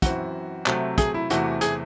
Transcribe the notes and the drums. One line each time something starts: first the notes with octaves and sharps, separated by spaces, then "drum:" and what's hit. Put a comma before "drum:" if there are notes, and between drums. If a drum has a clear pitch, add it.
F#2 E3 C4 F#4, drum: kick, hi-hat
C3 F#3 A3 C4, drum: clap
G#4, drum: kick, hi-hat
E4
E2 C3 E3 A3 F#4, drum: hi-hat
G#4, drum: hi-hat